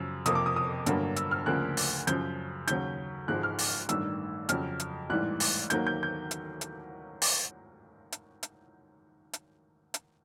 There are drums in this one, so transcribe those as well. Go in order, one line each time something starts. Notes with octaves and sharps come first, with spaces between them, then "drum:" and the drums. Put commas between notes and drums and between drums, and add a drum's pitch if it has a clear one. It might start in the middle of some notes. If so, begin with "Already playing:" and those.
Already playing: F#2 C#3 F3 E6
F2 C3 F3 A#3 D#6, drum: hi-hat
D6
D#6
D#6
G1 G2 D3 F#3 A#3, drum: hi-hat
E6, drum: hi-hat
F6
D2 C#3 F3 A#3 F#6
drum: open hi-hat
F#2 C#3 F3 G6, drum: hi-hat
D#2 C#3 F#3 G6, drum: hi-hat
G#1 G#2 F3 G#3 F#6
F6
drum: open hi-hat
A1 G2 D#3 G3 E6, drum: hi-hat
F2 C#3 F#3 F6, drum: hi-hat
drum: hi-hat
A1 G#2 E3 G3 F#6
drum: open hi-hat
D#2 D#3 F#3 A#3 G6, drum: hi-hat
G6
G6
drum: hi-hat
drum: hi-hat
drum: open hi-hat
drum: hi-hat
drum: hi-hat
drum: hi-hat
drum: hi-hat